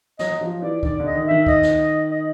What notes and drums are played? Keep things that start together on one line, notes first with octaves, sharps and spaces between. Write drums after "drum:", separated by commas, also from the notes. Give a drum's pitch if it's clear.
F#3 D#5, drum: snare
F#3
F3
E3 D5
D#3 D5, drum: kick C#2
D3
D#5
D#3
D#3 E5
D#5, drum: kick C#2
drum: snare
D#5